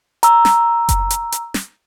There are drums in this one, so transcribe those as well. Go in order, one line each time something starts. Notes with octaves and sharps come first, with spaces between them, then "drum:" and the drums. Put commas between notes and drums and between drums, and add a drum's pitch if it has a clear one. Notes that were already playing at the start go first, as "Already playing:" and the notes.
A#5 E6, drum: hi-hat
drum: snare
drum: kick F#1, hi-hat
drum: hi-hat
drum: hi-hat
drum: snare